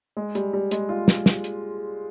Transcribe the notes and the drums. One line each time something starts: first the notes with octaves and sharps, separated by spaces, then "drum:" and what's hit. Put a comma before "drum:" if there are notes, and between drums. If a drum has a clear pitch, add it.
G#3
G3, drum: hi-hat
G3
G#3, drum: hi-hat
F4
drum: snare
drum: snare
drum: hi-hat